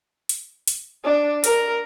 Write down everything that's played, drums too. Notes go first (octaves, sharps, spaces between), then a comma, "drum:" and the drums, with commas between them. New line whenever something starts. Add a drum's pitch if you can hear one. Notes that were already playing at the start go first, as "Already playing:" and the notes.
drum: hi-hat
drum: hi-hat
D4
A#4, drum: hi-hat